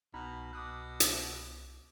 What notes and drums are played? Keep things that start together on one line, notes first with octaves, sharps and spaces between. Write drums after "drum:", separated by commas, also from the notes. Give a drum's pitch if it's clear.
C2 B2 D#4 A#5 B5
B2 D6 D#6 F#6
drum: hi-hat